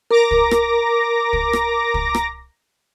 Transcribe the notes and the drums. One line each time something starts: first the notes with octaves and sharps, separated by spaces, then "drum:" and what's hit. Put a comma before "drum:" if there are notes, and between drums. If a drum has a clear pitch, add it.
A#4 A#5 D6 A#6
drum: kick
drum: rim click
drum: kick
drum: rim click
drum: kick
drum: rim click